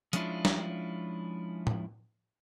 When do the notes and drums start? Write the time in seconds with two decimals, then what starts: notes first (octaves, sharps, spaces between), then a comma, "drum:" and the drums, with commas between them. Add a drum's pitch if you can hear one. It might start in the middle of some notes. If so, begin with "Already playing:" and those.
0.13 F3 G#3 C#4 D4 E4 F4, drum: hi-hat
0.45 drum: snare
1.67 drum: tom A2